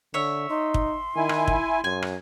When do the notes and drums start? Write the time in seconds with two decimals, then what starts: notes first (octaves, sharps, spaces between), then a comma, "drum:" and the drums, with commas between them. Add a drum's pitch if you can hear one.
0.14 D3 C#5 E5
0.50 D#4 C6
0.74 drum: kick
1.16 D#3 E4 G#5
1.29 drum: rim click
1.48 drum: kick
1.84 F#2 G#5
2.02 drum: rim click